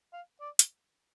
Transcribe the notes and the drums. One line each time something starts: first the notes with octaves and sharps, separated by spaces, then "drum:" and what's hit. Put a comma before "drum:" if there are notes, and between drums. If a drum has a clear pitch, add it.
F5
D5
drum: hi-hat